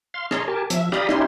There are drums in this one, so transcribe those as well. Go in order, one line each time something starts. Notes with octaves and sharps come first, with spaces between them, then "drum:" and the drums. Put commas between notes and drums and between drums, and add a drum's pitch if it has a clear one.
F5 C6
G#4 C#5 D#5 A5 A#5 C6, drum: rim click
G4 A#4 G#5 A5
F3 E5, drum: hi-hat
G4 D5 F5 A#5 B5 D#6, drum: rim click
C#4 D#4 E4 G4 C6, drum: rim click